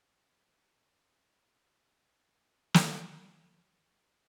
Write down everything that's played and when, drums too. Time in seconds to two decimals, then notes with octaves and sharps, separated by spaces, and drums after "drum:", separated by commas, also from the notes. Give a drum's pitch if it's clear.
0.31 A#5
0.89 E4
1.33 B4
1.73 C5
2.08 D5
2.74 drum: snare
3.07 G#2 G3 G#4 D5 F5 G#5
3.55 D4